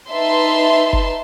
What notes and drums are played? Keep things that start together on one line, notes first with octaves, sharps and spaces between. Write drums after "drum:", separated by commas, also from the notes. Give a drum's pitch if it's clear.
D#4 B4 E5 A5 C6
drum: kick F#1